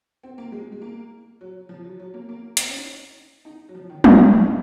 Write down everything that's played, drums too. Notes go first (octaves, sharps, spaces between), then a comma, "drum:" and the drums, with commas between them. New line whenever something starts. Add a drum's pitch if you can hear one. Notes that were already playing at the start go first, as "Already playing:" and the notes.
C4
A#3
G#3
G#3
A#3
F#3
F3
F#3
F#3
A#3
A#3
C4, drum: hi-hat
C#4
D#4
D#4
F#3
F3
D#3
C#3, drum: tom
G#2
A#2
G#2